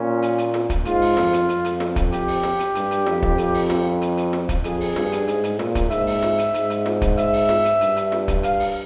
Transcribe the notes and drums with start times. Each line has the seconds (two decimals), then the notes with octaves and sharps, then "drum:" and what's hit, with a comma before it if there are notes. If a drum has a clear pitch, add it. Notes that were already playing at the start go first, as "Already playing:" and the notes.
Already playing: A#2 C#4
0.22 drum: hi-hat
0.38 drum: hi-hat
0.54 drum: snare
0.70 drum: kick, hi-hat
0.85 G#2 F4, drum: hi-hat
1.01 drum: open hi-hat
1.17 F2, drum: snare
1.33 drum: hi-hat
1.49 F2, drum: hi-hat
1.64 drum: hi-hat
1.80 drum: snare
1.96 drum: kick, hi-hat
2.12 G4, drum: hi-hat
2.28 drum: open hi-hat
2.43 drum: snare
2.59 drum: hi-hat
2.75 G2, drum: hi-hat
2.91 drum: hi-hat
3.06 F2, drum: snare
3.22 drum: kick
3.38 F2, drum: hi-hat
3.54 drum: open hi-hat
3.70 drum: snare
4.01 drum: hi-hat
4.17 drum: hi-hat
4.33 drum: snare
4.49 drum: kick, hi-hat
4.64 F2 G#4, drum: hi-hat
4.80 drum: open hi-hat
4.96 G2, drum: snare
5.12 drum: hi-hat
5.28 G#2, drum: hi-hat
5.44 drum: hi-hat
5.59 A#2, drum: snare
5.75 drum: kick, hi-hat
5.91 G#2 E5, drum: hi-hat
6.07 drum: open hi-hat
6.23 drum: snare
6.38 drum: hi-hat
6.54 G#2, drum: hi-hat
6.70 drum: hi-hat
6.86 drum: snare
7.02 drum: kick, hi-hat
7.17 E5, drum: hi-hat
7.33 drum: open hi-hat
7.49 drum: snare
7.65 drum: hi-hat
7.81 G2, drum: hi-hat
7.96 drum: hi-hat
8.12 drum: snare
8.28 drum: kick, hi-hat
8.43 F5, drum: hi-hat
8.59 drum: open hi-hat